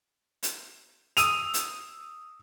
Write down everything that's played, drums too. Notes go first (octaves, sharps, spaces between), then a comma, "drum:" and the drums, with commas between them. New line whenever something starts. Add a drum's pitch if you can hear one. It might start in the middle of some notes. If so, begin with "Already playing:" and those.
drum: hi-hat
D#6 E6 D#7 F7, drum: hi-hat
drum: hi-hat